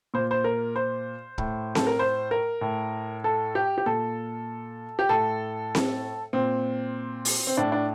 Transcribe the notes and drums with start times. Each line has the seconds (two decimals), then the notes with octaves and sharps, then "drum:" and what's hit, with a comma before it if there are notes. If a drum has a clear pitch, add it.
0.14 A#2 C5
0.31 C5
0.44 A#4
0.76 C5
1.38 A2, drum: kick
1.75 A4, drum: snare C4
1.87 A#4
1.99 C5
2.31 A#4
2.61 A2
3.24 A4
3.55 G4
3.78 G4
3.86 A#2 A4
4.99 G4
5.09 A2 A4
5.75 drum: snare C4
6.33 A#2 C4
7.25 drum: open hi-hat
7.47 C4
7.57 A2 D4
7.72 D4